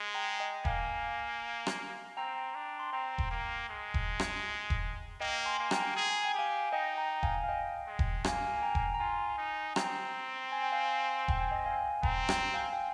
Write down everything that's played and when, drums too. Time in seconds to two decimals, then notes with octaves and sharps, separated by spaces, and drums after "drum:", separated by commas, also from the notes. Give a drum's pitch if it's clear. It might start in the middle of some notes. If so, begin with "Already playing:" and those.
Already playing: G#3
0.14 G5 A#5
0.40 D#5 G5
0.65 A#3 F5 G#5, drum: kick E1
1.67 drum: rim click
2.17 C4 G5 A#5
2.55 D4
2.79 C6
2.93 C4 G5 A#5
3.18 drum: kick E1
3.31 A#3
3.69 G#3
3.94 drum: kick E1
4.20 drum: rim click
4.70 drum: kick E1
5.20 A#3 D#5 G5
5.46 G#5 C6
5.59 A#3
5.71 G5 A#5, drum: rim click
5.96 G#4 A#5
6.10 G#5
6.25 G5
6.34 G4 F5 G#5
6.72 D#4 D#5 G5
6.97 G5 A#5
7.23 F5 G#5, drum: kick E1
7.44 F5
7.48 D#5 G5
7.87 G#3
7.99 drum: kick E1
8.24 A#3 F5 G#5, drum: rim click
8.57 G#5
8.62 G5 A#5
8.75 drum: kick E1
8.94 A#5
9.00 F4 G#5 C6
9.38 D#4
9.76 C4 G5 A#5, drum: rim click
10.52 G#5
10.62 G5
10.72 F5 G#5
11.28 G5, drum: kick E1
11.40 G#5
11.51 D#5 G5
11.66 F5 G#5
12.03 C4 G5 A#5, drum: kick E1
12.29 G5 A#5, drum: rim click
12.54 F5 G#5
12.73 G5